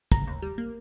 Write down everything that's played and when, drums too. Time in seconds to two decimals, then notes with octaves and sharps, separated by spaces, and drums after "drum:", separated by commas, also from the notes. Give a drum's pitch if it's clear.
0.12 C#3 A#5, drum: kick, hi-hat
0.27 D#2
0.42 G3
0.58 A#3